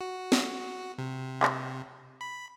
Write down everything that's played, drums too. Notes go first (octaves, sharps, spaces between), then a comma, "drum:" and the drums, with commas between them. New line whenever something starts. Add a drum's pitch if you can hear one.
F#4
drum: snare
C3
drum: clap
B5